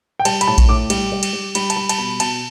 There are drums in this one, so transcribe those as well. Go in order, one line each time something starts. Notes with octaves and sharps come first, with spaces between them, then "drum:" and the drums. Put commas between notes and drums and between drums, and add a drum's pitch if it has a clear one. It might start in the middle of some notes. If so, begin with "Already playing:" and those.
G5
G3 A5, drum: cymbal
B5, drum: cymbal
A2 A5
drum: kick A#1, cymbal
A2 D6
G3, drum: cymbal
G3
drum: cymbal
G3
G3 B5, drum: cymbal
A5, drum: cymbal
G3 B5
A5, drum: cymbal
B2 B5
B2 A5, drum: cymbal